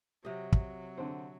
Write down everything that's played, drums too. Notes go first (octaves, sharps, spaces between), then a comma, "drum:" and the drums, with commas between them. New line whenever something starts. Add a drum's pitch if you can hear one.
C3 F#3 D#5
drum: kick
D3 C4